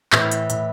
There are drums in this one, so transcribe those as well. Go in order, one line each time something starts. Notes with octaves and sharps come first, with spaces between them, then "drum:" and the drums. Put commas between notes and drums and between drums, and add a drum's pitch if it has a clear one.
A2 E3, drum: clap
drum: hi-hat
A2, drum: hi-hat